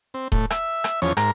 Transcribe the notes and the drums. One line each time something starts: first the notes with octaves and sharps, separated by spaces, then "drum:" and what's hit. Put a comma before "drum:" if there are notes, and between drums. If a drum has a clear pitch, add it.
C4
A2 A3, drum: kick D#1
E5, drum: rim click
drum: rim click
E2 F3 C#4 C#5
G#2 A#4 A#5, drum: rim click